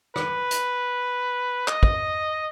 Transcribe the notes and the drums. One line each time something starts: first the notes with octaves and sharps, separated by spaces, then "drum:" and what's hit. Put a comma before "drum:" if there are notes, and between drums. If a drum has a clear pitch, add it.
B4, drum: rim click
drum: hi-hat
D#5, drum: clap
drum: kick